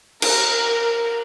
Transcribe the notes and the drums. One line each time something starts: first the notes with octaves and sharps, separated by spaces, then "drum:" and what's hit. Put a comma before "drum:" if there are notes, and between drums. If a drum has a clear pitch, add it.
A#4, drum: cymbal